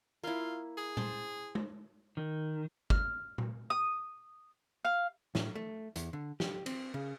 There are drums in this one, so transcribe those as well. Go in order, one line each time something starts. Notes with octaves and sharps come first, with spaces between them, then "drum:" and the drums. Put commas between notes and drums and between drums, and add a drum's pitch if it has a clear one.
A#3 E4 F4
G#4
C5 A5, drum: tom
drum: tom
D#3
F6, drum: kick G1
drum: tom A#2
D#6
F5
A2, drum: snare
A3
E2, drum: hi-hat
D3
G4, drum: snare
C4, drum: cymbal
C#3